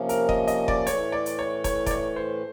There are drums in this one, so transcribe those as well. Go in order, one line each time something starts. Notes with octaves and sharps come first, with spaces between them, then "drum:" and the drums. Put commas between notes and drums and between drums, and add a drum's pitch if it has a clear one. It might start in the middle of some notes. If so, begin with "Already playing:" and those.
Already playing: C3 F3 A#3 C#4
A#4, drum: hi-hat
D#5, drum: kick
D#5, drum: hi-hat
D5, drum: kick
A2 E3 A3 C#5, drum: hi-hat
D5
drum: hi-hat
C#5
C#5, drum: kick, hi-hat
D5, drum: kick, hi-hat
C#5
C5